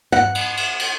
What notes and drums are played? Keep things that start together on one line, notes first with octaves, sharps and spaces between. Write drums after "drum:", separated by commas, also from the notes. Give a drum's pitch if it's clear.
F#5, drum: tom
drum: cymbal
drum: cymbal
drum: cymbal